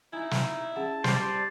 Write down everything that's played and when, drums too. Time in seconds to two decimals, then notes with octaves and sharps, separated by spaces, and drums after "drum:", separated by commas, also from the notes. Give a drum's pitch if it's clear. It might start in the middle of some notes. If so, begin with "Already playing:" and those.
0.13 D#4 E4 G#5
0.31 drum: snare
0.76 C#4 G#4 F#5 A5
1.04 G3 C5 D5, drum: snare